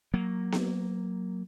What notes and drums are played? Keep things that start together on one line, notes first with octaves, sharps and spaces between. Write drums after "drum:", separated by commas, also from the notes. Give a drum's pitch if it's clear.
F#3 A#3
drum: snare B3